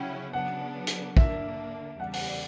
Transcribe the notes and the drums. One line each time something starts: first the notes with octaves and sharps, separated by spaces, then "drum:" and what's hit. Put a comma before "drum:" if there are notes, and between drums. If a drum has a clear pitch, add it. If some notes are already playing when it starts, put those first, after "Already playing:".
Already playing: C#3 F#3 C#4 E4 F#5 G5
C#3 F#3 B3 D4 F#5
drum: hi-hat
D3 A#3 D4 E5, drum: kick
E2 C#3 G3 F#5
F#5, drum: open hi-hat
D5